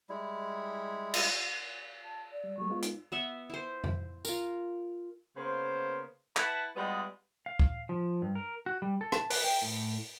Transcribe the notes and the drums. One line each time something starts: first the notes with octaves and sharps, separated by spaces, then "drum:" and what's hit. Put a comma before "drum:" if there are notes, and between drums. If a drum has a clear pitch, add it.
G3 G#3 E4
drum: cymbal
A5
D5
G3
F#3 G3 A3 C#6
G#3 B3 F4
D#4, drum: hi-hat
B3 E5 F#5
E4 C5
drum: tom F2
F4 A#4, drum: tambourine
C#3 A#3 B3 C5
E4 B4 F#5 A5, drum: clap
G3 G#3 B3 F4 F#4 D#5
F5
drum: kick
F3
G2
A#4
F#4
G3
A4
A5, drum: rim click
B4, drum: open hi-hat
G5
A2